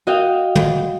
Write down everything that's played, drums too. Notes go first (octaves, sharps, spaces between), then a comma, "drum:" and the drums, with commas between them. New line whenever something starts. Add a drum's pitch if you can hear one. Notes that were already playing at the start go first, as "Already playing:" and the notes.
F#4 D#5 F5 G5
drum: tom